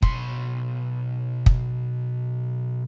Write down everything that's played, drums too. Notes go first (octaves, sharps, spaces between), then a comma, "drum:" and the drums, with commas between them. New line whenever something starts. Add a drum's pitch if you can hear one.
B1 C6, drum: kick
drum: kick